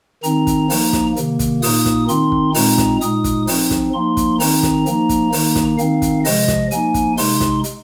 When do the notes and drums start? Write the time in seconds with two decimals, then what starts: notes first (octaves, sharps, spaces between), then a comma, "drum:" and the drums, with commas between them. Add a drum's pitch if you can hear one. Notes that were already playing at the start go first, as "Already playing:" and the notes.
0.23 D#3 C4 D#4 A#5, drum: hi-hat
0.47 drum: kick, hi-hat
0.70 F3 A#3 D#4, drum: open hi-hat
0.93 drum: snare
1.16 C3 D#3 A#3, drum: hi-hat
1.39 drum: kick, hi-hat
1.62 A#2 A#3 D#4 D#6, drum: open hi-hat
1.86 drum: snare
2.08 D#3 C4 D#4 C6, drum: hi-hat
2.32 drum: kick
2.54 A#2 G#3 C4 D#4 A#5, drum: open hi-hat
2.78 drum: snare
3.01 A#2 G#3 D#4 D#6, drum: hi-hat
3.24 drum: kick, hi-hat
3.47 F3 C4 D#4, drum: open hi-hat
3.71 drum: snare
3.93 F3 A#3 D#4 C6
4.17 drum: kick, hi-hat
4.40 D#3 C4 D#4 A#5, drum: open hi-hat
4.63 drum: snare
4.86 F3 A#3 D#4, drum: hi-hat
5.09 drum: kick, hi-hat
5.32 D#3 A#3 D#4, drum: open hi-hat
5.56 drum: snare
5.78 D#3 C4 D#4 F5, drum: hi-hat
6.02 drum: kick, hi-hat
6.25 C3 F3 G#3 D#5, drum: open hi-hat
6.48 drum: snare
6.71 F3 A#3 D#4 G#5, drum: hi-hat
6.94 drum: kick, hi-hat
7.17 C3 G#3 D#4 C6, drum: open hi-hat
7.41 drum: snare
7.64 drum: hi-hat